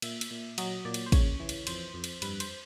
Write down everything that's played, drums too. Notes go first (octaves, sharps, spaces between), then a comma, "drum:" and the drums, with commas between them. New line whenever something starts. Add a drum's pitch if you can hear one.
A#2 E5, drum: cymbal
drum: cymbal
A#2
F#3 D#5, drum: cymbal
A#2 D5
drum: cymbal
C5
C#3 C#5, drum: kick, cymbal
E3
drum: cymbal
F2 C5, drum: cymbal
F2
drum: cymbal
G2 B4, drum: cymbal
C5, drum: cymbal